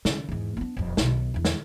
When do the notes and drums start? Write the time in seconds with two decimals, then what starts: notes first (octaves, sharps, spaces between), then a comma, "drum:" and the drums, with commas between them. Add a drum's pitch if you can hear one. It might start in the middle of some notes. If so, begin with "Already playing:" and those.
0.05 C#3, drum: snare
0.29 E2 G#2
0.57 B3 D4
0.77 D#1 F2
0.97 B1 B2, drum: snare
1.34 E2 D3
1.45 drum: snare